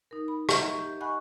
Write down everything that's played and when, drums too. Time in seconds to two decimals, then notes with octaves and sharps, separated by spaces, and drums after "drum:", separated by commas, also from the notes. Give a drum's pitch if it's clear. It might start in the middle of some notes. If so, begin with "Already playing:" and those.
0.11 D#4 A#4
0.28 B5
0.49 D#5 E5 F#5 A#5, drum: rim click
0.62 C#6
0.79 G4
1.01 D#5 F#5 G#5 B5 C#6 F#6